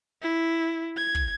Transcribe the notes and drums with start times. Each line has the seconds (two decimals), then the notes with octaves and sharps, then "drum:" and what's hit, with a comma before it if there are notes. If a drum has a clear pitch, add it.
0.22 E4
0.97 G#6
1.15 drum: kick